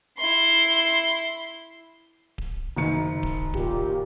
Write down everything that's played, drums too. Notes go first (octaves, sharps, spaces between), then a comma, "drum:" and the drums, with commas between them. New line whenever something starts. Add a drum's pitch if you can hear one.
E4 C6
drum: kick D1
F#1 D#3 C#7
drum: kick D1
A#2 G4, drum: kick D1